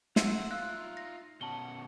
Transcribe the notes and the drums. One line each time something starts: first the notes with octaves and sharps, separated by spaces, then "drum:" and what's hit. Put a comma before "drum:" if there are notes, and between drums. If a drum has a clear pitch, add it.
D#4 E5 F#5 C6 E6 C#7 E7, drum: snare
F4 F5 E6 F#6
A#6
B2 C#4 F#5 A5 F#7 G7